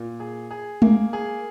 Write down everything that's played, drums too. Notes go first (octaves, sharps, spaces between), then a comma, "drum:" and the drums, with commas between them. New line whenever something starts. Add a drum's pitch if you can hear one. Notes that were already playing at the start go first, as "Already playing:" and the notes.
Already playing: A#2
G#4
G#4
A#3, drum: tom G#3
G#4